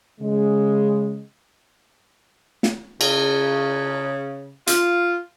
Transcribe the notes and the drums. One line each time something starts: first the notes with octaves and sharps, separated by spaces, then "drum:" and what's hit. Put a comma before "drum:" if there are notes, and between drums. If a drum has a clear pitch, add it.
C#3 G#3
drum: snare
C#3, drum: cymbal
F4, drum: hi-hat